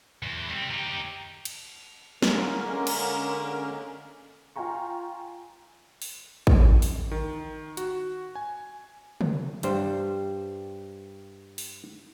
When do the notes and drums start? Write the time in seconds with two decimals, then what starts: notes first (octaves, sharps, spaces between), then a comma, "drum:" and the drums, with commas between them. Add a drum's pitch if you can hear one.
0.23 E2
0.49 G3 C4
0.70 D#4 G4
1.45 drum: cymbal
2.22 D3 G#3 A#3 C#4 A#4, drum: snare
2.87 drum: cymbal
4.56 F4 F5 G5 G#5 A#5 C#6
6.02 drum: open hi-hat
6.47 drum: kick A1
6.82 drum: open hi-hat
7.11 D#3
7.77 F#4, drum: hi-hat
8.35 G#5
9.21 drum: tom
9.63 G2 G3 C5, drum: hi-hat
11.58 drum: open hi-hat